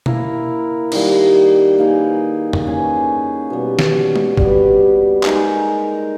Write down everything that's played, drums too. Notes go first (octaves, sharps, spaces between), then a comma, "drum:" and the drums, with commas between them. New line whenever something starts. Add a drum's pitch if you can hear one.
A#3 E4 A#4, drum: tom B2
D#3 G3 A#3, drum: cymbal
A#3 D#4 G#4 B4
drum: tom E2
A#3 C#4 G#4 B4
B2 G3 B3
drum: snare
drum: tom G#3
G3 B3 G4, drum: kick G#1
G#3 D#4 A#4, drum: clap